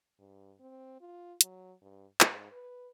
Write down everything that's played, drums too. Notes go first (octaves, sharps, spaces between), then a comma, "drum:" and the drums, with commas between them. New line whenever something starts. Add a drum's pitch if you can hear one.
G2
C4
F4
F#3, drum: hi-hat
G2
G#2, drum: clap
B4